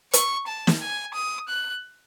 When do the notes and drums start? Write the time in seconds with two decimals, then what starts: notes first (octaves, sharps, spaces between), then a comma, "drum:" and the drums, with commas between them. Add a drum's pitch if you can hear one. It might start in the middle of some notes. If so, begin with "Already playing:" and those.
0.13 C#6, drum: hi-hat
0.48 A5
0.67 drum: snare
0.81 G#5
1.15 D#6
1.49 F#6